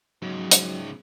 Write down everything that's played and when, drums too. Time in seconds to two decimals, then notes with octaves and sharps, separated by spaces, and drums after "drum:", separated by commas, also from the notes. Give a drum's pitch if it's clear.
0.22 G#2 C#3 F#3
0.51 drum: hi-hat